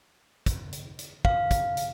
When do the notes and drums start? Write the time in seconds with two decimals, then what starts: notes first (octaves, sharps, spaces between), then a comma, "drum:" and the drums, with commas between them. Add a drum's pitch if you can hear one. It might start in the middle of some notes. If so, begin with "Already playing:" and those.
0.46 drum: kick, hi-hat
0.73 drum: hi-hat
0.99 drum: hi-hat
1.25 F5, drum: kick
1.51 drum: kick, hi-hat
1.77 drum: hi-hat